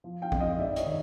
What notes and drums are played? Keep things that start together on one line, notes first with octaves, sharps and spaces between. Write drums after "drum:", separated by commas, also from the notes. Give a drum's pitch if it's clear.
F3
F5 G5
F2, drum: kick
D#5 F5
G#2 D5 E5
C#5 D#5, drum: hi-hat
D#3